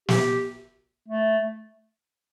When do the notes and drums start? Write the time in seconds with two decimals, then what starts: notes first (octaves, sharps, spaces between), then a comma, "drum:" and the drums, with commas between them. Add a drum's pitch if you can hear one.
0.08 G4, drum: snare
1.08 A3